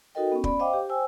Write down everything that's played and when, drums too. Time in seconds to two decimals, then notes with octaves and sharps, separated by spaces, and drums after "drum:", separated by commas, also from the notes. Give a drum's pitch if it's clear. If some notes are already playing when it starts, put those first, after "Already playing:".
0.15 D#4 F#4 A4 A#4 D#5 G5
0.32 B3 C#4
0.44 D5 B5, drum: kick
0.59 C5 D#5 F5 G5 D6
0.73 G4
0.89 C5 G5 G#5 E6